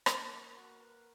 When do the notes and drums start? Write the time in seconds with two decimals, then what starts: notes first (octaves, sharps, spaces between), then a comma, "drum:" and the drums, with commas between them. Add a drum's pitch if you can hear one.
0.06 A#3 C#4 A#4, drum: rim click
0.31 C#4
0.55 F#4
0.80 B4